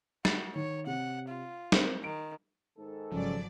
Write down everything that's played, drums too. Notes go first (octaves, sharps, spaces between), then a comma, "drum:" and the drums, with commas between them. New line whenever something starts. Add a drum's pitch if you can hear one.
F#4 A6, drum: snare
D#3 C#5
C3 F#5
F4
C4 A#4, drum: snare
D#3 D7
G#2 D#3 A4
G#1 C#3 F3 F#3 C#4 D5